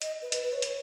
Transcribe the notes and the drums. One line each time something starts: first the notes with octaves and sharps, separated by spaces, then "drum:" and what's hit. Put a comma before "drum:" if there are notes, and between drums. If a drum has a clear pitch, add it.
D#5, drum: hi-hat
B4
B4, drum: hi-hat
B4
C#5
drum: hi-hat